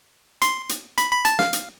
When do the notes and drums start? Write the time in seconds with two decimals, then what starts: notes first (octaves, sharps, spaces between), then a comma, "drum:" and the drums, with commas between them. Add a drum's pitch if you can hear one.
0.42 C6, drum: hi-hat
0.69 drum: hi-hat
0.98 B5, drum: hi-hat
1.12 B5
1.25 A5, drum: hi-hat
1.39 F5, drum: snare
1.53 drum: hi-hat